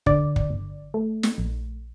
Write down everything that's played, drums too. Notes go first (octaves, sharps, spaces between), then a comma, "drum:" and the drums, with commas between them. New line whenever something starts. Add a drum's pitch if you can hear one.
D3 D5, drum: kick
drum: kick
G1
A3
drum: snare
A#1